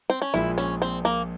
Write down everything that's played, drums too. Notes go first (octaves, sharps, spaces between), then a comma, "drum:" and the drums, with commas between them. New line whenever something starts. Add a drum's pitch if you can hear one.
C4
C#4
A#1 A#2 G#3 E4, drum: hi-hat
C#4, drum: hi-hat
C4, drum: hi-hat
A#3, drum: hi-hat